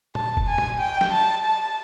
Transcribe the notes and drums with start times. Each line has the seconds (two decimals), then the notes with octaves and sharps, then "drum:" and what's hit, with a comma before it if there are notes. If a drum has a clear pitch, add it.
0.15 A5, drum: tom
0.37 drum: kick
0.47 G#5
0.58 drum: tom
0.79 G5
1.01 drum: snare
1.12 A5
1.44 A5